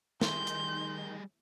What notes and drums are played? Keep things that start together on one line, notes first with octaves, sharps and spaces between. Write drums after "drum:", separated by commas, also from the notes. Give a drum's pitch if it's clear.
D#3 G3 G#4 C6 G6, drum: snare
drum: hi-hat